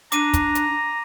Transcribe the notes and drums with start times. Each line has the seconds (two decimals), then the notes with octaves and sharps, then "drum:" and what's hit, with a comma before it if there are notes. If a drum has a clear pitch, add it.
0.12 D4 A#5 D6 D#7, drum: hi-hat
0.34 drum: kick, hi-hat
0.55 drum: hi-hat